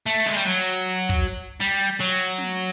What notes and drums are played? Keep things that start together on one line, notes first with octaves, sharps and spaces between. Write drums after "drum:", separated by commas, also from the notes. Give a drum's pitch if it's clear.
A3, drum: hi-hat
G#3
G3
F#3
drum: hi-hat
drum: hi-hat
drum: kick, hi-hat
G3, drum: hi-hat
drum: hi-hat
F#3
drum: hi-hat
drum: snare